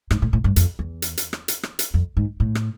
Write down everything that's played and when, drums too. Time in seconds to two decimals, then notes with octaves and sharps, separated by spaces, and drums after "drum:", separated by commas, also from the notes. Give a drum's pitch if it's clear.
0.11 G#2, drum: rim click
0.22 A2
0.33 A2
0.44 G2
0.56 F2, drum: hi-hat
0.79 E2
1.02 drum: hi-hat
1.17 drum: hi-hat
1.33 drum: rim click
1.48 drum: hi-hat
1.63 drum: rim click
1.79 drum: hi-hat
1.94 F2
2.17 G#2
2.40 A2
2.55 drum: rim click